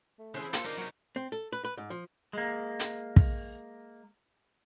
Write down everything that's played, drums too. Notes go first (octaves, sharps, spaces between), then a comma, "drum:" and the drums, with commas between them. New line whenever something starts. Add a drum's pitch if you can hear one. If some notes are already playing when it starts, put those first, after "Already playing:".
A3
C#3 E3 C4 G#4 C5
A#3 F4 A4 C5, drum: hi-hat
A#3 D4 D#4 A#4 D5
F#3 D#4
C4
A4
B4
B4
G#2
F3
G#3 A#3
drum: hi-hat
drum: kick